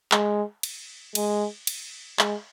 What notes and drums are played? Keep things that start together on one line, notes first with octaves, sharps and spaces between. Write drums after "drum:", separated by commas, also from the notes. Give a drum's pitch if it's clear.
G#3, drum: clap
drum: cymbal
G#3, drum: cymbal
drum: cymbal
G#3, drum: clap